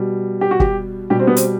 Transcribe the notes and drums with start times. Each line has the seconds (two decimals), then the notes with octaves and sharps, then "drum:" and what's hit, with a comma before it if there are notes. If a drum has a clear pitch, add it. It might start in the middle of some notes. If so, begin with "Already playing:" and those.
Already playing: B2 G3
0.41 G4
0.51 F#4
0.60 G4, drum: kick
1.10 B2 G3 G4
1.20 C4
1.27 B3
1.37 C4, drum: hi-hat